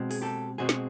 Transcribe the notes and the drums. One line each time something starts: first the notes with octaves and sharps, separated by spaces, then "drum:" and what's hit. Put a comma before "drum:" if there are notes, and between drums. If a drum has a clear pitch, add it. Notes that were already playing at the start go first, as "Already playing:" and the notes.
Already playing: B2 G#3 C4
G#4, drum: open hi-hat
G4 A4
B2 G#3 C4 F#4 G#4
drum: snare